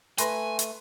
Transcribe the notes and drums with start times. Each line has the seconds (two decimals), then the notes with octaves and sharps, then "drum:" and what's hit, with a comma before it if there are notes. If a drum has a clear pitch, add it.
0.18 A3 B4 G#5 C6 A#6, drum: hi-hat
0.59 drum: hi-hat